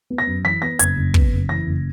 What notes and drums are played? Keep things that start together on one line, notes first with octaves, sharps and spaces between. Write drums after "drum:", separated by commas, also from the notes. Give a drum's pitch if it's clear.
B3
A#6
F#2
E3 B6
B3 A#6
F#1 G#6, drum: hi-hat
F#1
B3, drum: kick
F#1
E3 A#6
F#1